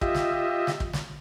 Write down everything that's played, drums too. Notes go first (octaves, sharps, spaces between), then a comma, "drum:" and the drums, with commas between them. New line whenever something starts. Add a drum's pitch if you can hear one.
F4 G4 D#5 E5, drum: kick
drum: snare
drum: snare
drum: kick
drum: snare